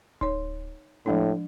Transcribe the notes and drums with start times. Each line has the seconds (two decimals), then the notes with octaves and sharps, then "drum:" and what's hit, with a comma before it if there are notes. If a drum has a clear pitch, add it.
0.21 D#4 C#5, drum: kick D1
1.06 A2 F3 G#3 D4